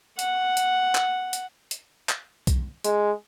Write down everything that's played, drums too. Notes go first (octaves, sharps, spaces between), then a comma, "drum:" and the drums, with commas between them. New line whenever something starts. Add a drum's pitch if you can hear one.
F#5, drum: hi-hat
drum: hi-hat
drum: clap
drum: hi-hat
drum: hi-hat
drum: clap
drum: kick B1, hi-hat
G#3, drum: hi-hat